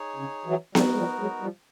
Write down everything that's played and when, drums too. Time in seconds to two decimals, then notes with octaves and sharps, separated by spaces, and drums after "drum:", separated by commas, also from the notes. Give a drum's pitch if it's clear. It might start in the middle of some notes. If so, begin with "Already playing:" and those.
Already playing: D#4 G#4 C#5
0.16 C#3
0.46 E3 F#3
0.75 F3 G3 B3 D#4 F#4 A#4, drum: snare B3
0.93 G#3
0.97 F3 G3
1.19 F#3 G#3
1.41 F3 G3